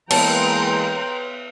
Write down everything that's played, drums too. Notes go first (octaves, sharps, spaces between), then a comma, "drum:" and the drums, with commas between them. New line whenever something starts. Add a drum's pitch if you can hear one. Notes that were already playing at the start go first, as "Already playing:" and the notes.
E3 G#3 A#3 B3 G5 A5 A#5 C6, drum: cymbal